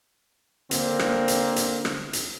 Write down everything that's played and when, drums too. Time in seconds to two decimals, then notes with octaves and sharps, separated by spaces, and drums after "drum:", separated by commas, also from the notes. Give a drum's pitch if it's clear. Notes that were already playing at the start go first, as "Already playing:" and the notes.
0.71 D3 A#3 C4, drum: hi-hat
0.99 drum: rim click
1.28 drum: hi-hat
1.56 drum: hi-hat
1.85 drum: rim click
2.13 drum: hi-hat